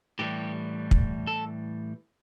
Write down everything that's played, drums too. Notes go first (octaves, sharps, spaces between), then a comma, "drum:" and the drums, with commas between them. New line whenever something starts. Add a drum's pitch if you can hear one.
A2 E3 G3 G4
drum: kick
A4